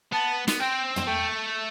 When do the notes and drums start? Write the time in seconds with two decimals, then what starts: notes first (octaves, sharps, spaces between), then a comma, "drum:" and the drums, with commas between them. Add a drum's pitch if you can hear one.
0.13 B3 A5
0.48 B3, drum: snare
0.60 C4 G5
0.96 drum: tom
1.06 A3 G5